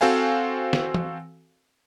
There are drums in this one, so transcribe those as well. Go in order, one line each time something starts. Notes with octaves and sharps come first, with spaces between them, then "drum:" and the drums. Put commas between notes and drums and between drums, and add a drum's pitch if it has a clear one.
C4 F#4 A4 C5 F5 G#5
drum: snare
drum: tom